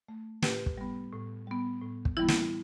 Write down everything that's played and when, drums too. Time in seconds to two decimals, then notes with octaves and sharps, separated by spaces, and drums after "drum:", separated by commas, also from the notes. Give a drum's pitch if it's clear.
0.08 A3
0.42 A2 G4 B4, drum: snare
0.66 drum: kick
0.78 G3 B3
1.13 A2
1.47 G3 B3
1.82 A2
2.05 drum: kick
2.17 E3 G3 B3 E4
2.28 drum: snare